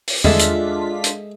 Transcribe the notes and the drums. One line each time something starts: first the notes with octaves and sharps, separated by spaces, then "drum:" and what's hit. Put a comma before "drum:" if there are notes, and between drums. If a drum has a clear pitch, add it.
drum: open hi-hat
G#3 D4 F4 G#4 A4 E5 B6, drum: tom E2
drum: hi-hat
drum: hi-hat